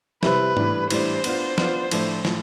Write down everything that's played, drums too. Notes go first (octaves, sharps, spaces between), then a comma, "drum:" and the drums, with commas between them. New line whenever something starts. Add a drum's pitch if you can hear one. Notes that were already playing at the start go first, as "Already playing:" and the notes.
C3 G3 C4 E4 B4, drum: snare
A2 E3 G3 D4, drum: tom G#2
A2 E3 G3 D4 C5, drum: cymbal
B3 D4 F4, drum: cymbal
B3 D4 F4, drum: snare
A2 F3 A3 D4, drum: cymbal
A2 F3, drum: snare